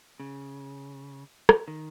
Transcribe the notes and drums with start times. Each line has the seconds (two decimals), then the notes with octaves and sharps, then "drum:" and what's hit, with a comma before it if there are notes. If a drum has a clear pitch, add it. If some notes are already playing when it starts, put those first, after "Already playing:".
0.20 C#3
1.49 drum: rim click
1.68 D#3